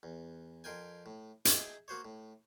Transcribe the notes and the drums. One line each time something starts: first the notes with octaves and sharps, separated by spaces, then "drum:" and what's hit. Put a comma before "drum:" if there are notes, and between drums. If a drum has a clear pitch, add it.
E2
F2 F4 A#4 G5 G#5
A2
D#4 G#4 E5, drum: hi-hat
A#3 F#4 C5 C#5
A2